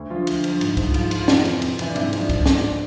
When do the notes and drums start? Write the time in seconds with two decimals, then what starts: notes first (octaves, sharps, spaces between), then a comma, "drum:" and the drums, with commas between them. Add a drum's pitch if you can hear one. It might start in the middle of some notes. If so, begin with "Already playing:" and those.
Already playing: D2
0.10 D3 F3 F4
0.27 D2, drum: cymbal
0.44 D3 F3, drum: cymbal
0.61 G#2, drum: cymbal
0.77 F3, drum: kick, cymbal
0.94 G#2 F4, drum: cymbal
1.06 F4
1.11 F3, drum: cymbal
1.17 F4
1.28 F2, drum: snare
1.45 C3 E3, drum: cymbal
1.62 F2, drum: cymbal
1.79 C3 E3, drum: cymbal
1.90 D4
1.96 G#2 E4, drum: cymbal
2.13 F3, drum: cymbal
2.18 D4
2.29 G#2 D4, drum: kick, cymbal
2.46 F3, drum: snare
2.63 D4